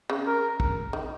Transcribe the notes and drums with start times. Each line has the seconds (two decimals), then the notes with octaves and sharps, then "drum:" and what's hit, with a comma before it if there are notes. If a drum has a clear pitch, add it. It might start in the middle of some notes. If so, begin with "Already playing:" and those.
0.10 C#3
0.27 A#4
0.60 drum: kick
0.93 D#3